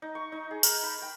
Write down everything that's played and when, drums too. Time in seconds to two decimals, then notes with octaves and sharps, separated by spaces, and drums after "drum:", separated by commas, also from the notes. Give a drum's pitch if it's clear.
0.02 D#4
0.15 C#6
0.32 D#4
0.51 G#4
0.63 A#4, drum: tambourine
0.83 B5
1.02 G5